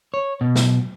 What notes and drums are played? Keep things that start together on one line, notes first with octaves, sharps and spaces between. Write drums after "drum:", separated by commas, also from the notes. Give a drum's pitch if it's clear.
C#5
B2
drum: snare